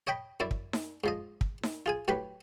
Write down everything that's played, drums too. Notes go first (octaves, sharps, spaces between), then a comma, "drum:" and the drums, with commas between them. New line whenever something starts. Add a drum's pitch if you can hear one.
C#5 D#5 G5 B5
F#2 E4 D5
drum: kick
drum: snare D#4
G#2 F3 D#5
drum: kick
drum: snare D#4
F4 G#4 G#5
A2 F#3 G4 B4 B5